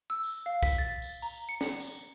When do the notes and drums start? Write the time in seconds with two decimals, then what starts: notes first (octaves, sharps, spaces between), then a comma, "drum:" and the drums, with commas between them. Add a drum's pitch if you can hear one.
0.10 E6
0.23 drum: tambourine
0.46 F5
0.63 B6, drum: kick, tambourine
0.78 A6
1.02 drum: tambourine
1.22 A#5, drum: tambourine
1.49 C#7
1.61 drum: snare
1.80 drum: tambourine